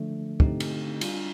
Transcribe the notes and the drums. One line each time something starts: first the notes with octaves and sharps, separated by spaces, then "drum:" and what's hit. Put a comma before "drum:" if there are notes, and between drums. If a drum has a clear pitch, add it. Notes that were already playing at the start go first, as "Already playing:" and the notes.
Already playing: D3 F3 A3 D4
D3 A3 C4 D#4 G4, drum: kick
drum: cymbal
G3 D4 F4, drum: cymbal